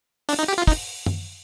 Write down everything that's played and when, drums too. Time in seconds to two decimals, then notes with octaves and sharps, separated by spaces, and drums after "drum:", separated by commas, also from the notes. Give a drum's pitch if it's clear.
0.29 D4, drum: open hi-hat
0.39 D#4
0.48 G4
0.58 F4
0.67 D#4, drum: kick, open hi-hat
1.06 drum: tom